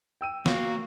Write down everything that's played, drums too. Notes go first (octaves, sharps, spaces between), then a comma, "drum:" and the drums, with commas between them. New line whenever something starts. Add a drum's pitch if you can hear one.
G5 E6 D#7
A#3 F#4 F5, drum: snare